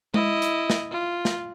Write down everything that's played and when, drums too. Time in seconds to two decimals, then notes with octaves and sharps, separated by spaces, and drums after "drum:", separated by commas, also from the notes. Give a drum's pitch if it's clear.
0.14 E4 D#5, drum: tom G#3
0.42 drum: hi-hat
0.70 drum: snare
0.91 F4
1.25 drum: snare